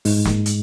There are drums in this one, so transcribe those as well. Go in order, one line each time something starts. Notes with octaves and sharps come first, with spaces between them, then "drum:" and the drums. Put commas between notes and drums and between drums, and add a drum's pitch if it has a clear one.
G#2 G#3, drum: open hi-hat
drum: snare
drum: hi-hat